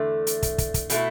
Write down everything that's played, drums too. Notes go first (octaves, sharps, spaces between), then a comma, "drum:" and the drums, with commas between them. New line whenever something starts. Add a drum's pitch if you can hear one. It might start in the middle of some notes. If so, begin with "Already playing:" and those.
Already playing: E2 D3 A3
drum: hi-hat
drum: kick, hi-hat
drum: kick, hi-hat
drum: kick, hi-hat
B2 A3 E4, drum: hi-hat